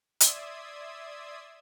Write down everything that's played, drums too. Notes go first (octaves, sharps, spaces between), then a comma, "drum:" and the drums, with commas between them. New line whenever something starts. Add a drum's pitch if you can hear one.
D5 E5 C6 D#6 E6 G#6, drum: hi-hat